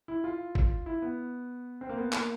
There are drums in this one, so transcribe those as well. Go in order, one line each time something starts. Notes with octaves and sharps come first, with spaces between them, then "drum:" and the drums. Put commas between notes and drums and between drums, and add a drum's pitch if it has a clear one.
E4
F4
drum: kick
E4
B3
C4
A#3
B3
A#3, drum: clap